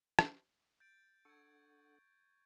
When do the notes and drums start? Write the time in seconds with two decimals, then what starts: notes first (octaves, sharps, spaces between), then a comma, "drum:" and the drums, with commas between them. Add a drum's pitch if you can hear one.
0.19 drum: rim click
0.80 G6 A6 D7
1.25 D4 A4 F#5 C#6 G#6